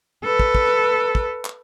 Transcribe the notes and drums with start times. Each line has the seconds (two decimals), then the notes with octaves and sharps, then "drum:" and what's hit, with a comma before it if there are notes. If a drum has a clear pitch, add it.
0.24 A4 B4
0.40 drum: kick
0.55 drum: kick
1.15 drum: kick
1.45 drum: clap